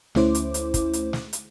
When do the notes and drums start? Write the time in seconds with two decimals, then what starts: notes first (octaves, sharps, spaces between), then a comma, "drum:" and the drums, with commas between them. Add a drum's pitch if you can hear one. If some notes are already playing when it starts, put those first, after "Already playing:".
0.15 D2 A3 C#4 E4 C5 D6, drum: snare
0.35 drum: hi-hat
0.54 drum: hi-hat
0.74 drum: kick, hi-hat
0.93 drum: hi-hat
1.13 drum: snare
1.33 drum: hi-hat